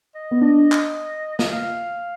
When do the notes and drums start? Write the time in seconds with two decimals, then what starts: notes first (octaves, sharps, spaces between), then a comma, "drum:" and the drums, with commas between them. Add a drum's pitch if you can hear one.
0.15 D#5
0.31 B3
0.41 D4 D#5
0.72 drum: clap
1.39 D#5, drum: snare
1.49 F5